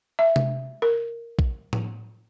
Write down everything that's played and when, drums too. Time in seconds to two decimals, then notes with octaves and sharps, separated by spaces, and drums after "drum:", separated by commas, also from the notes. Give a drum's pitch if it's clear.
0.19 E5
0.36 drum: tom C3
0.82 A#4
1.39 drum: kick A#1
1.73 drum: tom A2